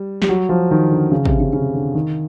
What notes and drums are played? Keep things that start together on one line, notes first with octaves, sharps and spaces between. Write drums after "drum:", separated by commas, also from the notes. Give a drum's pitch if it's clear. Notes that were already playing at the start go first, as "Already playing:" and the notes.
Already playing: G3
G3, drum: snare
F#3
F3
D#3
D3
C#3
C3, drum: kick
C#3
C#3
D3
D#3